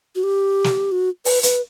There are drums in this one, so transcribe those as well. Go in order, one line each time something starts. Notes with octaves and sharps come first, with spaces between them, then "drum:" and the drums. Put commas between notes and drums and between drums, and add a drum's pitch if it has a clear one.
F#4
G4
drum: snare
F#4
B4, drum: open hi-hat
B4, drum: hi-hat